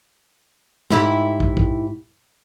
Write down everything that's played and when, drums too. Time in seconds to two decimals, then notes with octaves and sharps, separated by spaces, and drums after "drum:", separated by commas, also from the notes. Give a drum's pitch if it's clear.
0.90 G#2 E4 G4, drum: snare
1.40 drum: kick
1.57 drum: kick